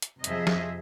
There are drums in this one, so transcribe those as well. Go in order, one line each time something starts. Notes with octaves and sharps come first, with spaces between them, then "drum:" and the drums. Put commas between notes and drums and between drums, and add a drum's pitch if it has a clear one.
drum: hi-hat
F2 C3 F3 G#4 D#5 E5, drum: hi-hat
drum: snare